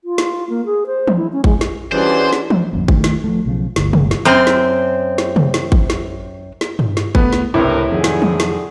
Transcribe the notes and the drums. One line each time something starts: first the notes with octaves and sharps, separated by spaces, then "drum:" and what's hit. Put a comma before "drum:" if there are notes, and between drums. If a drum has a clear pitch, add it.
F4
drum: snare
A#3
G#4
C5
drum: tom E3
E4
C#4
G#3, drum: kick G#1
drum: snare
E3 G3 C#4 D4 F#4 G#4 C5
drum: snare
drum: tom E3
D#1 A#1 F#2
D#3 A3, drum: kick G#1
drum: snare
F3 A3
B1 C#3 F3
G1 D2, drum: snare
drum: tom C3
drum: snare
F#2 C4
drum: snare
drum: snare
drum: tom C3
drum: snare
drum: kick G#1
drum: snare
drum: snare
drum: tom G2
drum: snare
C#2 A3 B3 B4, drum: kick G#1
drum: snare
C#2 A2 C3 D4 E4 A#4 B4
F2 D3 D#3 F#3 G#4
drum: snare
drum: tom E3
drum: snare